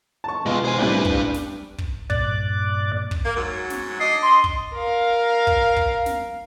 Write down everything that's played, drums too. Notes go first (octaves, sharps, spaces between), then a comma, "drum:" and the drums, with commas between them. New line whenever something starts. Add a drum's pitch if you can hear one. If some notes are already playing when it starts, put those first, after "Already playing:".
A5 C#6
B2 G#3 F4
C5 G#5
C2 A2 G3 D4 B4
drum: kick
drum: snare
drum: kick
G2 A#2 D5 D6 F#6 A6, drum: kick
drum: kick
A#3
G#2 F#3
drum: snare
D4 D#5 C7
C6
drum: kick
A#4 F5
drum: kick
drum: kick
drum: snare